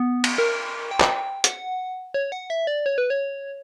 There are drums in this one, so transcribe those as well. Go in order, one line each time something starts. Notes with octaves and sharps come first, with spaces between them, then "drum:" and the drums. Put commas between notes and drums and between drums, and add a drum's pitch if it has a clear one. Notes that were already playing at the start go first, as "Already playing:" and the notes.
Already playing: B3
drum: cymbal
A#4
G5
drum: clap
F#5, drum: hi-hat
C#5
F#5
E5
D5
C#5
B4
C#5